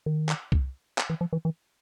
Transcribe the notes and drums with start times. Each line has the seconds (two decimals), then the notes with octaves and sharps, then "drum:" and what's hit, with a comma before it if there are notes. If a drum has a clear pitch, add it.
0.06 D#3
0.29 drum: clap
0.52 drum: kick C2
0.98 drum: clap
1.10 E3
1.21 F3
1.33 E3
1.45 E3